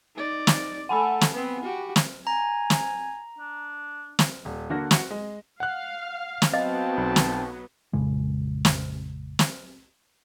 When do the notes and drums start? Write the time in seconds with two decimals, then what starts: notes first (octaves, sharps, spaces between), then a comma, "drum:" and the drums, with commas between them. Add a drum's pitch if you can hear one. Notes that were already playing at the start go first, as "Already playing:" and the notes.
0.16 D#4 D5
0.47 drum: snare
0.89 A3 A4 F#5 G#5 B5
1.21 drum: snare
1.32 B3 C4
1.63 F#4 G4
1.96 drum: snare
2.27 G#5 A#5
2.70 drum: snare
3.38 D4
4.19 drum: snare
4.45 D#1
4.70 D3 A#3 F#4 A#6
4.91 F#4 F#5, drum: snare
5.10 G#3
5.60 F5 F#5 F#6
6.42 drum: snare
6.53 F#3 B3 C4 D#5 F5 G5 A5
6.97 B1
7.16 drum: snare
7.93 A#1 F2 C#3 G#3
8.65 drum: snare
9.39 drum: snare